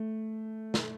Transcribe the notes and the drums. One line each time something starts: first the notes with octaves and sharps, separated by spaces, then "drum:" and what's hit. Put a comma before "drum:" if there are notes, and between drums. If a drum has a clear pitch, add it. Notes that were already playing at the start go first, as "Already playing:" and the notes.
Already playing: A3
drum: snare